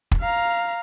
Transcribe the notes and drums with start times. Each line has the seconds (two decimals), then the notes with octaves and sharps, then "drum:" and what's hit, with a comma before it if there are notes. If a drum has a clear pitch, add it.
0.11 drum: kick
0.21 F5 A#5